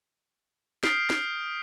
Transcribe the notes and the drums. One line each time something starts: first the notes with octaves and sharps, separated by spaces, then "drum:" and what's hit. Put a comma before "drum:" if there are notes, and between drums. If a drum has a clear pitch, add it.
D#6 F6 G6 B6 C7 D7, drum: snare
drum: snare